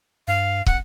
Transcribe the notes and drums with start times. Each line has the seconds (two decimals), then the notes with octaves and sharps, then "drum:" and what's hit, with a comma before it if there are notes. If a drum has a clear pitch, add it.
0.28 G2 F5
0.66 G#1 F#5, drum: kick